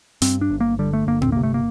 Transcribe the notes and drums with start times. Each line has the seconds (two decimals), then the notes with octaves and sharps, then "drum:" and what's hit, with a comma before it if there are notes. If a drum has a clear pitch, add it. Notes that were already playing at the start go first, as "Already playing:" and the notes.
0.22 G2 C4, drum: hi-hat
0.41 D4
0.51 G1
0.60 A#3
0.79 D3 G3
0.93 A3
1.07 G1 A#3
1.22 C4, drum: tom A2
1.32 C3 A#3
1.43 A3
1.54 A#3